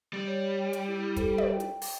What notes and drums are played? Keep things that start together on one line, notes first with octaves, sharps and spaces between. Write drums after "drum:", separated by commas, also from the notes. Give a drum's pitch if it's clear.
G3
C#5
drum: hi-hat
E4
G4 A4 C5, drum: kick, hi-hat
drum: tom
G5
drum: hi-hat
drum: open hi-hat